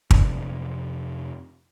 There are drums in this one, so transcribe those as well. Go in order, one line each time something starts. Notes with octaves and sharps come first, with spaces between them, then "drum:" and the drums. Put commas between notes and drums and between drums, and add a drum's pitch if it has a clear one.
F2 C3 C4 D4, drum: kick